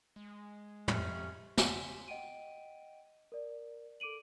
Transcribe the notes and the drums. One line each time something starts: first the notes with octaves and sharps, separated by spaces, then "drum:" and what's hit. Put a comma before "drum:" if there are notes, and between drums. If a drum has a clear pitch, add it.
G#3
F2 C3 C#4, drum: tom
G#5 C6 B6, drum: snare
D#5 F#5 G5 D7 D#7
A#4 D5
A4 D6 D7 D#7 F#7